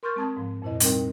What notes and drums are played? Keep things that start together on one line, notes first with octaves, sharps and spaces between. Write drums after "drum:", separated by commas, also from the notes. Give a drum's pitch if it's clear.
A#4 C6 C#6 F6 G6 A6
G#3 C4 A5 D#6 G#6
G#2 F3
F2 A#2 E4 C5 D#5
G3 C4 D#4 A#4 G5, drum: hi-hat